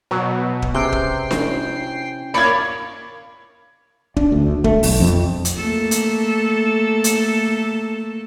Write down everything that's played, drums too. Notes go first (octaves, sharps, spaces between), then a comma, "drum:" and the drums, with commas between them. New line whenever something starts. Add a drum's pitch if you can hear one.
B2 F#3
drum: kick D#1
C3 C#4 G#4 B4 G5 C7
drum: kick D#1
C#4 E4 F#4, drum: snare D4
A#3 C#5 D5 B5 G#6
D4, drum: kick D#1
D2
A3, drum: kick D#1
B1, drum: open hi-hat
F2
drum: hi-hat
A3 A#3 A4
drum: hi-hat
drum: hi-hat